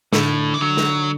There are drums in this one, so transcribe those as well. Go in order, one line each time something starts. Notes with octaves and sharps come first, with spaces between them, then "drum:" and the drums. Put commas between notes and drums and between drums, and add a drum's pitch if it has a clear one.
A2 D3, drum: snare
E3
D3 F#3
drum: snare